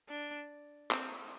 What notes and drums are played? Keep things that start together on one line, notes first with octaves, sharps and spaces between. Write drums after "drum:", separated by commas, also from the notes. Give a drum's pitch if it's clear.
D4
C4, drum: clap